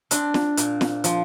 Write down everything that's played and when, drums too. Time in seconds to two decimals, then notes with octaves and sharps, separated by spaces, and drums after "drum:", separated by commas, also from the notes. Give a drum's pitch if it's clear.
0.11 C4 D4, drum: hi-hat
0.34 drum: snare
0.57 A#2, drum: hi-hat
0.81 drum: snare
1.04 F3, drum: hi-hat